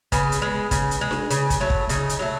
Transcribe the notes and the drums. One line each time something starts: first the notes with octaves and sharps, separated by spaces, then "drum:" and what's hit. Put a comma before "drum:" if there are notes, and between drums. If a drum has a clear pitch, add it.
C#3 B3, drum: kick, hi-hat
drum: hi-hat
G#3
C#3, drum: kick, hi-hat
drum: hi-hat
G#3
drum: snare D4
C#3, drum: hi-hat
drum: kick, hi-hat
F#3 A3
drum: kick
C#3 D#4, drum: hi-hat
drum: hi-hat
F#3 A3